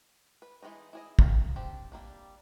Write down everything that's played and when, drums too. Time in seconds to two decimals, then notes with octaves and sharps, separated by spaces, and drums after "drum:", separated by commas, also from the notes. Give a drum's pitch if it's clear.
0.42 B4
0.62 E3 G#3 B3 D#4
0.93 E4 G#4 D#5
1.19 A#3 F#4 G#4 F5 G5, drum: kick
1.56 C4 D4 G4
1.92 G3 A#3 D4